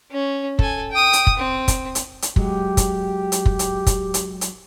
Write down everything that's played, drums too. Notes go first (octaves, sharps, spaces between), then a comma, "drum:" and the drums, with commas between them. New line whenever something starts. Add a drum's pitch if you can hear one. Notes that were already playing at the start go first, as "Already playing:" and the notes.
C#4
A4 G#5, drum: kick
G5 D#6
drum: hi-hat
drum: kick
C4
drum: kick, hi-hat
drum: hi-hat
drum: hi-hat
F#3 G#3 G4, drum: kick
drum: kick, hi-hat
drum: hi-hat
drum: kick
drum: hi-hat
drum: kick, hi-hat
drum: hi-hat
drum: hi-hat